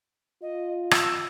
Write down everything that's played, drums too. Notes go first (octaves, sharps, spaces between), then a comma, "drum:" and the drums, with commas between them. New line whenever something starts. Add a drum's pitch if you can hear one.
F4 D#5
E6, drum: rim click